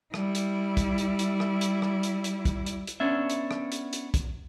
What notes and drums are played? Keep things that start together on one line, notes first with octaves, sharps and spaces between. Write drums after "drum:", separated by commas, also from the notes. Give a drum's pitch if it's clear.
G3 E4, drum: rim click
drum: hi-hat
drum: kick, hi-hat
drum: hi-hat
drum: hi-hat
drum: rim click
drum: hi-hat
drum: rim click
drum: hi-hat
drum: hi-hat
drum: kick, hi-hat
drum: hi-hat
drum: hi-hat
B3 C#4 D4 E5
drum: hi-hat
drum: rim click
drum: hi-hat
drum: hi-hat
drum: kick, hi-hat